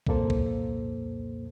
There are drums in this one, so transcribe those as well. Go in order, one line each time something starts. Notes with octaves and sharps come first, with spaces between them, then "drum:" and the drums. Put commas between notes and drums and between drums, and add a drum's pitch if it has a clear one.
C2 F2 A#2 A#3 A4 C5, drum: kick B1
drum: kick B1